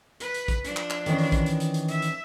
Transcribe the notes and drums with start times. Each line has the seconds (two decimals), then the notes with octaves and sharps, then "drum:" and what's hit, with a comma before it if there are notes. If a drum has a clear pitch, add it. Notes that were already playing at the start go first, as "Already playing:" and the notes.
0.20 B4, drum: hi-hat
0.34 drum: hi-hat
0.48 drum: kick, hi-hat
0.65 F3 D4, drum: hi-hat
0.76 drum: clap
0.90 drum: clap
1.06 D#3 E3 C#4, drum: hi-hat
1.18 drum: open hi-hat
1.32 drum: kick, hi-hat
1.46 drum: hi-hat
1.60 drum: hi-hat
1.74 drum: hi-hat
1.88 E5, drum: hi-hat
2.02 drum: hi-hat